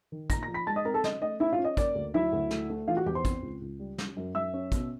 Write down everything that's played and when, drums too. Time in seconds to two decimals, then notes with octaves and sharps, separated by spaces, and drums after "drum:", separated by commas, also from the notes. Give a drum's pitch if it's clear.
0.12 D#3
0.30 A#2 A#5 A#6, drum: kick, hi-hat
0.42 A#5 A#6
0.48 F3
0.54 B5 B6
0.67 G#3 A5 A6
0.76 D#5 D#6
0.85 C4 A#4 A#5
0.94 A4 A5
1.04 C#4 D#5, drum: snare
1.22 A3 D#5
1.40 C#4 E4 E5
1.53 F4 F5
1.59 C#4
1.64 D#5
1.77 A#3 D5, drum: kick, hi-hat
1.95 D2
2.14 F#3 E4 E5
2.33 D2
2.51 A3, drum: snare
2.70 A3
2.88 E3 F4 F5
2.97 F#4 F#5
3.06 E2 G4 G5
3.15 C5 C6
3.25 C4, drum: kick, hi-hat
3.42 C#2
3.61 C#2
3.79 G3
3.98 C#4, drum: snare
4.17 F#2
4.35 F#2 E5 E6
4.53 C#4
4.72 B2, drum: kick, hi-hat